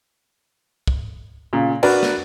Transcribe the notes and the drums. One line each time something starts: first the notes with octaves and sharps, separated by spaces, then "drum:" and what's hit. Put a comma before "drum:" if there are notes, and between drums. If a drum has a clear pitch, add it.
drum: kick
A#2 C#3
D4 F#4 A#4 B4 D5 A#5, drum: cymbal
drum: snare